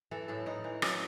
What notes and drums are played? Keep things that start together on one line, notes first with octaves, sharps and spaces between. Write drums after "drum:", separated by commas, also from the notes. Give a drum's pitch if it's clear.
E3 A4
A2 A4
A2 D#4
E3
F#3 C#4, drum: rim click